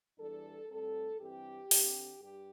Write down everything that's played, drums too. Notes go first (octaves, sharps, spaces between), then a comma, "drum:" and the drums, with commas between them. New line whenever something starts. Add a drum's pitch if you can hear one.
E2 E3 G3 D4 A4
A2 G3 C4 A4
G2 E3 C4 G4
D3 C4, drum: open hi-hat
G2 G4